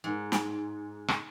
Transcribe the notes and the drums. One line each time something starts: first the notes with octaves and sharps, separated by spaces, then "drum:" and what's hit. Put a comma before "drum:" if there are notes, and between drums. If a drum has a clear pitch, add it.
G#2
drum: snare
drum: rim click